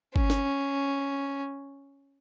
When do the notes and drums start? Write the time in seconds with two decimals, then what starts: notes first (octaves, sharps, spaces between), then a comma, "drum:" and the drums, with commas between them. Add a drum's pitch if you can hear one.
0.16 C#4, drum: kick G1
0.30 drum: snare